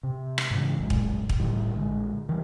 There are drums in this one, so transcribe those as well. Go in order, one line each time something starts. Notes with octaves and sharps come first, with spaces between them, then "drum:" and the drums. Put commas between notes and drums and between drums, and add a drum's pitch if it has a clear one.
C3
drum: rim click
G#2 C#3 E3
A#1 F#2 G#3
drum: kick
drum: kick
A2 D3 D#3 G3
A#1 D3 G#3
D#3 E3 G3